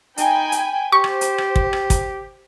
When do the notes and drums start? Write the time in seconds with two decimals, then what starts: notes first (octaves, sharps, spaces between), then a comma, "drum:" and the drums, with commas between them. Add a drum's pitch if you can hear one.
0.18 D#4 G5 G#5 B5, drum: hi-hat
0.52 drum: hi-hat
0.92 G4 C5 C#6
1.04 drum: rim click
1.21 drum: hi-hat
1.38 drum: rim click
1.56 drum: kick
1.73 drum: rim click
1.90 drum: kick, hi-hat